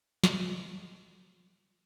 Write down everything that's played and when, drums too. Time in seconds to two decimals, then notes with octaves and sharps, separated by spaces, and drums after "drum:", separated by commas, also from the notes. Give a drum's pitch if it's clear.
0.24 F#3 D4 D#4, drum: snare